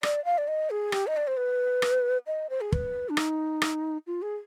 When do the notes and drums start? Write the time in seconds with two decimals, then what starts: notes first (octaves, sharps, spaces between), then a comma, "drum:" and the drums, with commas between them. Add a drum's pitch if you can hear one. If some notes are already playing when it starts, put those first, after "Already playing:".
0.03 D5, drum: rim click
0.25 F5
0.38 D5
0.48 D#5
0.70 G#4
0.92 G4, drum: rim click
1.07 D#5
1.17 D5
1.27 C5
1.37 B4
1.82 drum: rim click
2.27 D#5
2.50 C5
2.61 G#4
2.72 B4, drum: kick
3.09 D4
3.17 D#4, drum: rim click
3.62 drum: rim click
4.07 F4
4.22 G#4